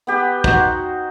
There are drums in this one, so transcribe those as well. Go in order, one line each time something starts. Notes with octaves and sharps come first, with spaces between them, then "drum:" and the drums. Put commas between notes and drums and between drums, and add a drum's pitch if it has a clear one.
B3 G4 B4
D#4 F#4 C5, drum: kick